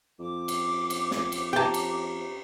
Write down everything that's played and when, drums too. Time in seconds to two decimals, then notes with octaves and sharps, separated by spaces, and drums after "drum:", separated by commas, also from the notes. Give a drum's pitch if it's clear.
0.19 F2 D6
0.48 drum: cymbal
0.90 drum: cymbal
1.11 drum: snare
1.32 drum: cymbal
1.53 G4 G5 A5 A#5
1.74 drum: cymbal